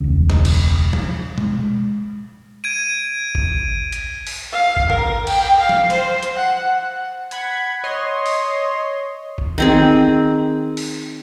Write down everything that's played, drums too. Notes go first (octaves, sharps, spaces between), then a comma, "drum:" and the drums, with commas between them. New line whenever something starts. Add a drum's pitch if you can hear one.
E1 C#2
drum: snare
drum: cymbal
drum: tom
G#3, drum: tom
G#6 D7 D#7
drum: kick G#1
drum: hi-hat
drum: open hi-hat
F5
drum: kick G#1
A#4, drum: tom
G5, drum: cymbal
F5
drum: tom
C5, drum: cymbal
drum: hi-hat
F#5
F#5 B5 G#6, drum: hi-hat
C#5 D#5 C6
drum: open hi-hat
drum: kick G#1
D#3 C4 G#4
drum: open hi-hat